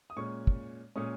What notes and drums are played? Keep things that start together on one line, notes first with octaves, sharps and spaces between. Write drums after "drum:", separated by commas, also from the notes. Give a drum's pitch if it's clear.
D#6
A#2 G#3 C#4 C#6
drum: kick
A#2 G#3 C#4 D#6